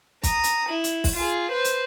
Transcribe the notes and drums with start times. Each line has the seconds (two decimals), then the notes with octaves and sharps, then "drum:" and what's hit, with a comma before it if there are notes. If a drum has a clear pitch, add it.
0.23 A#5 D#6, drum: kick, hi-hat
0.44 drum: hi-hat
0.69 E4
0.84 drum: hi-hat
1.04 drum: kick, open hi-hat
1.16 F4 G#4
1.51 B4 C5
1.64 drum: hi-hat